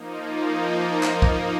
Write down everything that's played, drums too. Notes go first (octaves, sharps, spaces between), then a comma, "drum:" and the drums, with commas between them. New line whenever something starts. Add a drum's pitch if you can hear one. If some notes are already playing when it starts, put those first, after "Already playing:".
Already playing: F3 A#3 D#4
F4
A#4
drum: clap
drum: kick